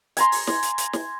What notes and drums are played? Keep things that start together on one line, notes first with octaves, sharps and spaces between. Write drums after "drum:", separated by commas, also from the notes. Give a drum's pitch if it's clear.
G#5 A#5 C6, drum: hi-hat
drum: open hi-hat
drum: snare
drum: hi-hat
drum: hi-hat
drum: snare